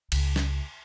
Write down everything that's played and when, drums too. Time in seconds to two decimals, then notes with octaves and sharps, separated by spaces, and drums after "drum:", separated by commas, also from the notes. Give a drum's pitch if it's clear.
0.12 C#2, drum: cymbal
0.36 drum: snare